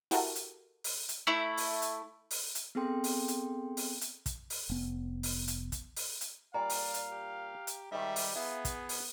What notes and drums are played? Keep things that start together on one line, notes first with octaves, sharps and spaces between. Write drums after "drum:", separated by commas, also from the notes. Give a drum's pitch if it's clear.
E4 F#4 G4 A4 A#4, drum: open hi-hat
drum: hi-hat
drum: open hi-hat
drum: hi-hat
A3 E4
drum: open hi-hat
drum: hi-hat
drum: open hi-hat
drum: hi-hat
B3 C4 G#4 A4 G5 C6
drum: open hi-hat
drum: hi-hat
drum: open hi-hat
drum: hi-hat
drum: kick, hi-hat
drum: open hi-hat
F1 B3
drum: open hi-hat
drum: hi-hat
drum: kick, hi-hat
drum: open hi-hat
drum: hi-hat
A#2 G3 D5 F5 A#5
drum: open hi-hat
drum: hi-hat
G4
drum: hi-hat
G#2 D#3 G3 E5
drum: open hi-hat
B3 E4 G#4 E5 F5
drum: kick, hi-hat
drum: open hi-hat